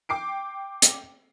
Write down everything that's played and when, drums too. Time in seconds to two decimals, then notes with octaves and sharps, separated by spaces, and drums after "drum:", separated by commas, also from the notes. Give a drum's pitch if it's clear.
0.09 G5 D6 C7 D7
0.82 drum: hi-hat